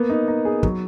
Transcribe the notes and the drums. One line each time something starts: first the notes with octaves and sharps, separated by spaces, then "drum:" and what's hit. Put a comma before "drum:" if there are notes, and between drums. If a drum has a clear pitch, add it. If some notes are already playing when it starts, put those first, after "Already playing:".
Already playing: A#3 B3
D#4
D#4
G#4
F#3, drum: kick